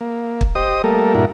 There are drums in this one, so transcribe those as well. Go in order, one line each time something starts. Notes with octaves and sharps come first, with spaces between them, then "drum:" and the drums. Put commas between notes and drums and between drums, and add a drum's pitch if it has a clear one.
A#3
drum: kick
G4 C5 D#5 D#6
G3 A3 A#3 A4 A#4
G2 A#2 D4 E4 F#4 A#4